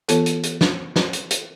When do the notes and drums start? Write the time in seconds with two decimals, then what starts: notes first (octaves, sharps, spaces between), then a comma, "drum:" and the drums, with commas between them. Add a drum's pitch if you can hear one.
0.09 E3 B3 F4 A4, drum: hi-hat
0.26 drum: hi-hat
0.43 drum: hi-hat
0.61 drum: snare
0.96 drum: snare
1.13 drum: hi-hat
1.31 drum: hi-hat